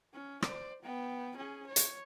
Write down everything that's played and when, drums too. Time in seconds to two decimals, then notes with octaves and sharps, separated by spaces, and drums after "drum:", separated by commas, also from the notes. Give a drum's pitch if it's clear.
0.13 C#4
0.42 C5 D5, drum: rim click
0.82 B3 G5
1.36 C#4 G#4
1.67 C#5
1.76 drum: hi-hat